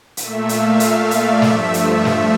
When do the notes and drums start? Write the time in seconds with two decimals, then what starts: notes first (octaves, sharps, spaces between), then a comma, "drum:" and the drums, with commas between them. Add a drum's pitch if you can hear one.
0.17 A#2 A3 E5, drum: hi-hat
0.49 F5, drum: hi-hat
0.80 drum: hi-hat
1.11 D5, drum: hi-hat
1.42 G2 F3 A3 E5, drum: snare
1.74 E5, drum: hi-hat
2.05 E5, drum: snare